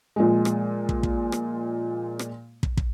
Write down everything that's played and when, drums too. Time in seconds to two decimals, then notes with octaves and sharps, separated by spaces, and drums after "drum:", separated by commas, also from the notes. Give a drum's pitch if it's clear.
0.16 A#2 F3 G#3
0.45 drum: rim click
0.89 drum: kick
1.03 drum: kick
1.32 drum: rim click
2.19 drum: rim click
2.63 drum: kick
2.77 drum: kick